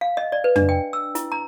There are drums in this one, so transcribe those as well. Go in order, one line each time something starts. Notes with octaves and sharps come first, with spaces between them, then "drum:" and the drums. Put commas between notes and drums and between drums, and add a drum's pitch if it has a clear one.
F5
D#5
D5
B4
D4, drum: tom F2
G5
E6
E4, drum: hi-hat
A#5